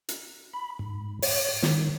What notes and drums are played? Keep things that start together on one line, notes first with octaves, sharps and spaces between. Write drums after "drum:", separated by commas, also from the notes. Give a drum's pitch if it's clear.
drum: hi-hat
B5
G#2
C#5, drum: open hi-hat
D#3, drum: snare